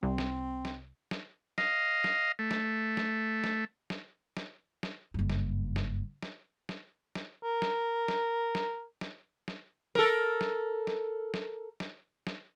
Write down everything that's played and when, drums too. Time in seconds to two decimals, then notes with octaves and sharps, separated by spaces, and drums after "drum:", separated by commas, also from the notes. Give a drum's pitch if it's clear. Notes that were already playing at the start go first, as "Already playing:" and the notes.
0.03 C2 C4
0.18 drum: snare
0.65 drum: snare
1.11 drum: snare
1.58 D#5 F5, drum: snare
2.04 drum: snare
2.39 A3
2.51 drum: snare
2.97 drum: snare
3.44 drum: snare
3.90 drum: snare
4.37 drum: snare
4.83 drum: snare
5.14 F#1 G2
5.30 drum: snare
5.76 drum: snare
6.22 drum: snare
6.69 drum: snare
7.15 drum: snare
7.43 A#4
7.62 drum: snare
8.08 drum: snare
8.55 drum: snare
9.01 drum: snare
9.48 drum: snare
9.95 A4 A#4, drum: snare
10.41 drum: snare
10.87 drum: snare
11.34 drum: snare
11.80 drum: snare
12.27 drum: snare